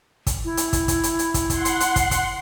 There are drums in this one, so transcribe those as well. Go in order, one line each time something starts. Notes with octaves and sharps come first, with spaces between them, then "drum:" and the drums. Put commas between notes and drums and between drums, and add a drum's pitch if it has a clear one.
drum: kick, hi-hat
E4
drum: hi-hat
drum: kick, hi-hat
drum: kick, hi-hat
drum: hi-hat
drum: hi-hat
drum: kick, hi-hat
F#5 C6, drum: kick, hi-hat
drum: hi-hat
drum: hi-hat
drum: kick, hi-hat
drum: kick, hi-hat